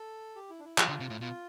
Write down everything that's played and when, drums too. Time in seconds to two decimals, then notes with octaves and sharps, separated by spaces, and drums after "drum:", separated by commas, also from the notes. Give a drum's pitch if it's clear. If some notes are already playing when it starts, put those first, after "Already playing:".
Already playing: A4
0.36 G4
0.50 E4
0.59 D4
0.65 E4
0.78 F3 F4, drum: clap
0.88 D3
1.00 C3
1.10 A2
1.21 B2 F4